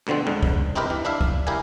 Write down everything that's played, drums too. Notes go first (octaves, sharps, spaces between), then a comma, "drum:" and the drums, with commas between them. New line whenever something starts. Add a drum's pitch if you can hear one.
D2 B2 D3 F3 C4
C#2 G#2 D3
drum: kick
C4 D#4 E4 G4 A#4 B4
E3
D4 E4 E5 F5
drum: kick
E4 G4 A#4 F5 G#5